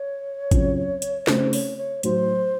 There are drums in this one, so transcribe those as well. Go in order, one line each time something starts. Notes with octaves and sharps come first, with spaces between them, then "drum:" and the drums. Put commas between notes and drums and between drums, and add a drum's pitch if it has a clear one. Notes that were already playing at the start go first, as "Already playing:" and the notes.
Already playing: C#5
C#3 F#3 C4 F4, drum: kick, hi-hat
drum: hi-hat
C#3 A3 C4 C5, drum: snare
C#5, drum: open hi-hat
C#5
A2 F#3 A3 D#4 F#4 C5, drum: hi-hat